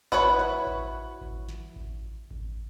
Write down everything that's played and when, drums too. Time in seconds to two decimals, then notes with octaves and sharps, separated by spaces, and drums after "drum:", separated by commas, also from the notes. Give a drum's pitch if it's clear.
0.12 E4 F#4 B4 C#5, drum: kick A1
0.39 drum: snare
0.67 drum: kick A1
1.21 drum: kick A1
1.49 drum: snare
1.76 drum: kick A1
2.31 drum: kick A1